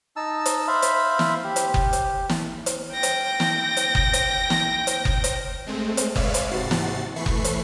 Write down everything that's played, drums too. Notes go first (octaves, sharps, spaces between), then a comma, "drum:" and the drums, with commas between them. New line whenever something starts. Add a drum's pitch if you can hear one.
D#4 A5 E6
drum: hi-hat
C5 E5 F5 B5
drum: hi-hat
drum: snare
G4
drum: hi-hat
drum: kick F#1
drum: hi-hat
drum: snare
drum: hi-hat
G5 A#6
drum: hi-hat
drum: snare
drum: hi-hat
drum: kick F#1
drum: hi-hat
drum: snare
drum: hi-hat
drum: kick F#1
drum: hi-hat
G#3 A3 C4
drum: hi-hat
G#3 B4 C#5 D5 E5 F5, drum: kick F#1
drum: hi-hat
G#2 C3 F#4 A6 C7
drum: snare
E3 A3 B5 C#6 C7
drum: kick F#1
drum: hi-hat